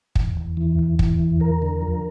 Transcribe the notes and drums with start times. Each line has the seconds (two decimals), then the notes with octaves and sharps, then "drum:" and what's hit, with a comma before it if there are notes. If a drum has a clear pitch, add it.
0.15 E2, drum: kick
0.37 E2
0.57 E3
0.79 E2
0.99 E3, drum: kick
1.19 E2
1.40 E2 A#4
1.62 D3
1.82 F3